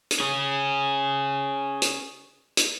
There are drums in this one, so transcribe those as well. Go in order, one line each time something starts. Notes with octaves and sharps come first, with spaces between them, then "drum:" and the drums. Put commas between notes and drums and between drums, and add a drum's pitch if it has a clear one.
drum: hi-hat
C#4 G#4
drum: hi-hat
drum: hi-hat